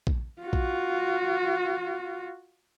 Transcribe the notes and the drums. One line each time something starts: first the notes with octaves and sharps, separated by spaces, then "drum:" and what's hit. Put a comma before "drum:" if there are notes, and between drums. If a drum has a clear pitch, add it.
drum: kick A#1
F4 F#4
drum: kick A#1